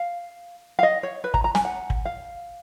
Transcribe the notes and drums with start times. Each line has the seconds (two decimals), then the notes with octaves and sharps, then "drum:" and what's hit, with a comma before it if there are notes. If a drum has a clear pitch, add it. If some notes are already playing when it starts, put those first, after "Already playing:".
Already playing: F5
0.79 F5
0.83 D#5
1.03 C#5
1.24 B4
1.34 A#5, drum: kick
1.44 A#5
1.55 G#5, drum: snare
1.65 F#5
1.90 drum: kick
2.05 F5